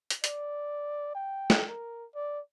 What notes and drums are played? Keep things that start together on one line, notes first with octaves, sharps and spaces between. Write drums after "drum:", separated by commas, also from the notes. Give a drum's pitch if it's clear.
drum: hi-hat
D5, drum: hi-hat
G5
drum: snare
A#4
D5